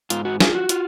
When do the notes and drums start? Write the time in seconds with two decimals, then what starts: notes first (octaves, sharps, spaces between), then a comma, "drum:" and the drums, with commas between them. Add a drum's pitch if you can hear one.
0.10 G#2 F4, drum: hi-hat
0.25 F#4
0.40 F4 G#4, drum: snare
0.55 F#4
0.69 F4, drum: hi-hat